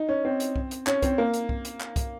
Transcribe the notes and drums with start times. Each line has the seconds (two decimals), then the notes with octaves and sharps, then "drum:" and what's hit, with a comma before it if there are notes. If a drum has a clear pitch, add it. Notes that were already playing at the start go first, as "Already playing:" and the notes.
Already playing: D#4
0.09 C#4
0.25 C4
0.40 drum: hi-hat
0.56 drum: kick
0.71 drum: hi-hat
0.87 C#4, drum: clap
1.02 C4, drum: kick, hi-hat
1.18 A#3
1.34 drum: hi-hat
1.49 drum: kick
1.65 drum: hi-hat
1.80 drum: clap
1.96 drum: kick, hi-hat